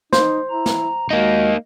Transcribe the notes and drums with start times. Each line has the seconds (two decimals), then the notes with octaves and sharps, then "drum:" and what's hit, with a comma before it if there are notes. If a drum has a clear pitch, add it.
0.13 D#4 C5, drum: snare
0.50 E4 A#5
0.66 drum: snare
1.11 G#3 A#3 D#4 F#4 D#5